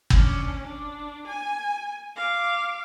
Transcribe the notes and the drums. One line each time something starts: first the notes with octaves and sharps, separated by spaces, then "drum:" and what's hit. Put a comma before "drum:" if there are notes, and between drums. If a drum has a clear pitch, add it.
C#4 D4, drum: kick
D4
G#5
F5 D6